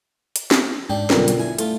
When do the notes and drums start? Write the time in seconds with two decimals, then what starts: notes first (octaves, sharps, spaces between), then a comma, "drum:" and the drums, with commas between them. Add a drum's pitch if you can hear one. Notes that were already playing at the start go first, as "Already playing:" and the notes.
0.36 drum: hi-hat
0.51 drum: snare
0.90 G#2 D4 G4
1.10 B1 G2 D3 F4 A#4, drum: snare
1.28 drum: hi-hat
1.40 E4 G#5
1.59 A3 F4, drum: hi-hat